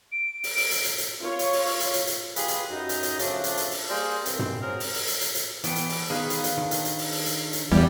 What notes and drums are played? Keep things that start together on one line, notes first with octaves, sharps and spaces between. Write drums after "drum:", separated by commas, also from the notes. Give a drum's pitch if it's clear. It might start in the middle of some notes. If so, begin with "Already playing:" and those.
D7
drum: open hi-hat
drum: open hi-hat
drum: hi-hat
drum: hi-hat
drum: hi-hat
F4 C#5
drum: hi-hat
drum: open hi-hat
drum: open hi-hat
drum: hi-hat
drum: hi-hat
drum: hi-hat
F4 G4 G#4 B4, drum: hi-hat
drum: hi-hat
F#2 D#4
drum: hi-hat
drum: hi-hat
C#3 F3 A3 D4, drum: hi-hat
drum: hi-hat
drum: hi-hat
drum: open hi-hat
G3 A#3 G#4 A#4 C5
C2 G2 C4, drum: hi-hat
drum: tom
F#3 C4 G#4 A#4
drum: open hi-hat
drum: open hi-hat
drum: hi-hat
drum: hi-hat
drum: hi-hat
E3 B3 G5 A5, drum: hi-hat
drum: hi-hat
drum: open hi-hat
D#3 B3 G#4 B4 F5
drum: hi-hat
drum: hi-hat
D#3 D4
drum: hi-hat
drum: hi-hat
drum: open hi-hat
drum: open hi-hat
drum: hi-hat
drum: hi-hat
E2 G3 D5 F5 G#5